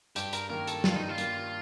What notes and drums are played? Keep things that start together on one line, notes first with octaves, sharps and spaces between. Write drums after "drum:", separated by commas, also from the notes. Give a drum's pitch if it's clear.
G2 G4, drum: hi-hat
A#4, drum: hi-hat
D#3 A#3 A#4
A4, drum: hi-hat
G2 F4, drum: snare
D#4
F4
D#3 A#3, drum: hi-hat